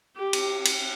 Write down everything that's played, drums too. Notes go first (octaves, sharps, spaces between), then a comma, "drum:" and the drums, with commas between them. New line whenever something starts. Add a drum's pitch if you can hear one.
G4
drum: cymbal
drum: cymbal